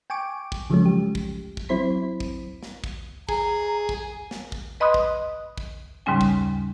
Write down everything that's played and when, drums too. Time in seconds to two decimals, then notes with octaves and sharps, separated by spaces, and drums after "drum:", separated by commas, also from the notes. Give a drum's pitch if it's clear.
0.10 G5 G#5 C#6 D6 D7
0.52 drum: kick
0.70 C#3 F3 F#3 G#3 A3 C#4
0.86 G4
1.15 drum: kick
1.57 drum: kick
1.69 F#3 C4 E4 C5 B5 B6
2.20 drum: kick
2.63 drum: snare
2.84 drum: kick
3.29 G#4 A#5, drum: kick
3.89 drum: kick
4.31 drum: snare
4.52 drum: kick
4.80 B4 D#5 B5 C6 D#6 F#6
4.94 drum: kick
5.58 drum: kick
6.06 D#2 G#2 C#3 G3 C#4 G#5
6.21 drum: kick